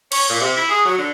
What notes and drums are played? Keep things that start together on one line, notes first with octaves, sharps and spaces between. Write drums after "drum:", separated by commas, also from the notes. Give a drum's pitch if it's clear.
C#5, drum: cymbal
A#2
C3
E4
G#4
F#3
D3